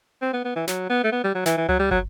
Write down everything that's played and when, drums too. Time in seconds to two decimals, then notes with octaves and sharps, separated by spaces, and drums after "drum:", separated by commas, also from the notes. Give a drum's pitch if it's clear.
0.22 C4
0.33 B3
0.45 B3
0.56 E3
0.68 F#3, drum: snare
0.90 B3
1.04 A3
1.12 B3
1.24 G3
1.35 F#3
1.46 E3, drum: snare
1.57 E3
1.69 F#3, drum: tom C#2
1.79 G3
1.91 F#3, drum: kick